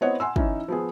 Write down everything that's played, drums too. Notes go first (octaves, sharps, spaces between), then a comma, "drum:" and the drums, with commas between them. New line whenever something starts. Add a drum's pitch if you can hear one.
B3 C4 E4 C#5 D#5 F#5
F#5 G#5 C6 E6
E3 C#4 D#4, drum: kick
F3 B3 G#4